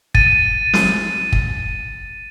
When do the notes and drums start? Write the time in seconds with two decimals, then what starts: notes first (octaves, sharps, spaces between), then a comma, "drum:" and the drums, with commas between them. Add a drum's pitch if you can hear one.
0.15 A6 D#7, drum: kick
0.73 drum: snare
1.32 drum: kick